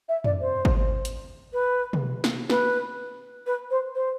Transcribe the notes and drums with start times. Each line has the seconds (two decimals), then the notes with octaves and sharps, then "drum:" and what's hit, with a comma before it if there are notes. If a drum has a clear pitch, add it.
0.08 E5
0.24 D5, drum: tom
0.40 C5
0.65 drum: kick G#1
1.05 drum: hi-hat
1.53 B4
1.93 drum: tom
2.24 drum: snare
2.50 B4, drum: snare
3.46 B4
3.71 C5
3.95 C5